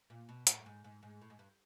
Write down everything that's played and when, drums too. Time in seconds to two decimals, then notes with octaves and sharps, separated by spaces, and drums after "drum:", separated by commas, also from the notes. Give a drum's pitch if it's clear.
0.10 A#2
0.29 B2
0.47 A2, drum: hi-hat
0.59 G2
0.66 G#2
0.84 G#2
1.03 G#2
1.21 A2
1.30 G#2
1.39 G2